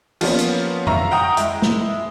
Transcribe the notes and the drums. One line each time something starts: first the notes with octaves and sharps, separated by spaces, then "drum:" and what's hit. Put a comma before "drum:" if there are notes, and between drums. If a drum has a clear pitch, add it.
F3 A#3 B3 C#4, drum: cymbal
drum: hi-hat
E5 F5 A#5 C#6, drum: tom F2
F#5 G5 A#5 D#6
G#3 E4, drum: hi-hat
drum: snare